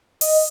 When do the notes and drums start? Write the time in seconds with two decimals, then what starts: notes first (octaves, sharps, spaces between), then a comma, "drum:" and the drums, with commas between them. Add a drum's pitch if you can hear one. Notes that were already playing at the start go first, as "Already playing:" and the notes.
0.21 D#5, drum: open hi-hat